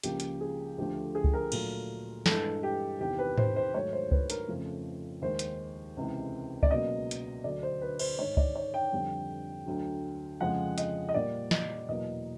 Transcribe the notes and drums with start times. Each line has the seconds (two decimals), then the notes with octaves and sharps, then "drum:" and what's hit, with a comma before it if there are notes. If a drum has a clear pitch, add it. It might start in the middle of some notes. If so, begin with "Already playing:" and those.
0.03 C#2 C#3 F3 A#3 G4, drum: hi-hat
0.20 drum: hi-hat
0.41 G#4
0.78 D2 D3 F3 A3 G4
1.15 G#4
1.24 drum: kick C#2
1.33 A#4
1.52 A#2 F#3 A3, drum: cymbal
2.26 G2 E3 G#3 A4, drum: snare
2.63 G4
3.00 E2 C3 D#3 G4
3.19 B4
3.38 C5, drum: tom G#2
3.56 C5
3.74 G#2 D#3 F#3 A3 C#5
3.93 C5
4.11 B4, drum: kick C#2
4.30 A#4, drum: hi-hat
4.48 F2 C#3 F3 A3
5.22 D#2 D#3 G#3 C5
5.39 drum: hi-hat
5.97 C#2 C3 E3 G#3
6.63 D5, drum: kick C#2
6.71 C#2 B2 F#3 A#3 D#5
7.11 drum: hi-hat
7.44 D2 D3 F#3 D5
7.63 C5
7.82 B4
7.99 C5, drum: cymbal
8.18 G#2 D#3 G#3 C#5
8.37 D5, drum: kick C#2
8.55 C#5
8.74 G5
8.93 F2 D3 G3
9.66 D2 D3 F#3
10.41 F2 C#3 F3 G#3 F#5
10.78 D#5, drum: hi-hat
11.09 D#5
11.14 A#2 G3 A#3 D5
11.51 D#5, drum: snare
11.89 E2 B2 F#3 A#3 D#5